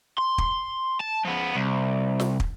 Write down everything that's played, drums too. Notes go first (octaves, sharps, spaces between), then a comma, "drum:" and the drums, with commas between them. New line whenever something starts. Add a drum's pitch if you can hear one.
C6
drum: kick
A5
F3 B3
C2
drum: snare
drum: kick